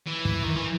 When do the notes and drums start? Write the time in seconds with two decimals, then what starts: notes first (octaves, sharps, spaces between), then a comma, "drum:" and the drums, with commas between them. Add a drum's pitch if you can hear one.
0.07 E3
0.25 drum: kick
0.44 D#3
0.56 E3